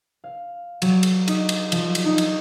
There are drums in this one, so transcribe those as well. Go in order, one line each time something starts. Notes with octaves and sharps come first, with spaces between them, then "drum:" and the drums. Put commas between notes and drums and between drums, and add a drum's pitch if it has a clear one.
F5
F#3, drum: cymbal
drum: cymbal
D#4, drum: cymbal
drum: cymbal
F3, drum: cymbal
drum: cymbal
D#4
drum: cymbal